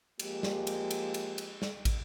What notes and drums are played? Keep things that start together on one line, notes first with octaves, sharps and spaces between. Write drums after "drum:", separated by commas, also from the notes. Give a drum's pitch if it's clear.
F3 G#3 A#3 G4, drum: cymbal
drum: snare
drum: cymbal
drum: cymbal
drum: cymbal
drum: cymbal
drum: snare
drum: kick, cymbal